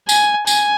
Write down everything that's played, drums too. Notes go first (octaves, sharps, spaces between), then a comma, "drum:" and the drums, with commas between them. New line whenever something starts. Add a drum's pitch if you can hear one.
G#5, drum: tambourine
G#5, drum: tambourine